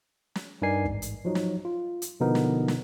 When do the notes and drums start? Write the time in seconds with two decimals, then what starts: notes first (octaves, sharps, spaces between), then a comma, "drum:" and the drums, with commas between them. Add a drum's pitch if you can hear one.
0.35 drum: snare
0.62 G2 D#4 A#4 D5 G#5 C7
0.85 A1 G#2, drum: kick
1.02 drum: hi-hat
1.25 F3 F#3 D#4
1.35 drum: snare
1.65 F4
2.02 drum: hi-hat
2.20 B2 D3 F3 B3 D#4 A#4
2.35 drum: snare
2.68 drum: snare